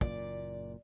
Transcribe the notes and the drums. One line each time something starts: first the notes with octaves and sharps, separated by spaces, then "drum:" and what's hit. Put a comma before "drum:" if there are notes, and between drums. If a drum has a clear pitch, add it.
F#1 A#2 D5, drum: kick